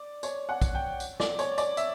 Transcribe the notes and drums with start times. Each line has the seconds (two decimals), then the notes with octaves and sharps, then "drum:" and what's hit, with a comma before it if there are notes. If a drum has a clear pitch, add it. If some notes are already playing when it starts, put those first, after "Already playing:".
Already playing: D5
0.23 C#5, drum: tambourine
0.49 F#5
0.62 drum: kick, tambourine
0.75 G5
1.00 drum: tambourine
1.20 D5, drum: snare
1.39 C#5, drum: tambourine
1.58 D5, drum: tambourine
1.77 E5, drum: tambourine